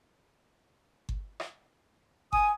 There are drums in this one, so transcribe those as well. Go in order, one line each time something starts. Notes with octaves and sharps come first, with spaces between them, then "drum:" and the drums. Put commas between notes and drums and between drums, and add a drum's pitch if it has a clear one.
drum: kick G1
drum: rim click
G#5 D#6, drum: kick G1